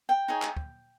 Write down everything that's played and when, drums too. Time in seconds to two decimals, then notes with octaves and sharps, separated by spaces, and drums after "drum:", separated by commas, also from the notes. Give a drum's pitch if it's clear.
0.09 G5
0.28 D#4 G#4 C#5
0.42 drum: clap
0.57 drum: kick